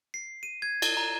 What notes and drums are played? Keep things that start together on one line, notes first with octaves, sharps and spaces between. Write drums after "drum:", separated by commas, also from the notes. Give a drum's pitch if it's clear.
C7
D#7
G#6
A6, drum: cymbal
A#5